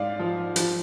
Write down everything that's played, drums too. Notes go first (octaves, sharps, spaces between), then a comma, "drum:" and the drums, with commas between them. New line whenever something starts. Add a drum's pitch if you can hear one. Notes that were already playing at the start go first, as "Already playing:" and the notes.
Already playing: G#2 D5 F5
F3
F3, drum: hi-hat